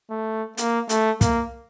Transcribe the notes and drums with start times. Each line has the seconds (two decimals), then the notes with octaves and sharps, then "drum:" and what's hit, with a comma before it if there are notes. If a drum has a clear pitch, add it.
0.10 A3
0.57 A#3, drum: hi-hat
0.89 A3, drum: hi-hat
1.21 A#3, drum: kick, hi-hat